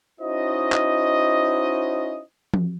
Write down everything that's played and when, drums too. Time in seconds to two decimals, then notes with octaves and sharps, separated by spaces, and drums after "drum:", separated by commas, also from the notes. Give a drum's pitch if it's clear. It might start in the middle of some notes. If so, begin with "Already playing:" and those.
0.20 C#4 D#4 E4 F#4 C5 D#5
0.73 drum: clap
2.54 drum: tom F3